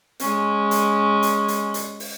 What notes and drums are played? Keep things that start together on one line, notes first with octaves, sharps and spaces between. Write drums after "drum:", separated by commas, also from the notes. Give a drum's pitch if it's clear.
G#3 C#4, drum: hi-hat
drum: hi-hat
drum: hi-hat
drum: hi-hat
drum: hi-hat
drum: open hi-hat